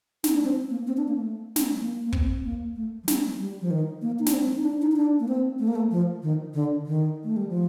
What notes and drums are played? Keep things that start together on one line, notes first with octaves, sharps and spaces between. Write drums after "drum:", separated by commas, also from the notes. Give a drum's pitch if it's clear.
D#4, drum: snare
D4
C4
A#3
C4
D4
A#3
A3
drum: snare
A#3
A#3
C4, drum: kick
A#3
A3
F3
G3, drum: snare
G3
F3
D#3
A#3
D#4
D4, drum: snare
C4
D#4
D4
D#4
D#4
D4
A#3
C4
A3
A#3
A3
F3
D#3
D3
D#3
A3
G3
F3